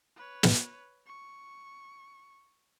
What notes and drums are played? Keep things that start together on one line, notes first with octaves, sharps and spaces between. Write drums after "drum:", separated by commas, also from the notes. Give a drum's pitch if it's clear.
B4 C#5
drum: snare
C#6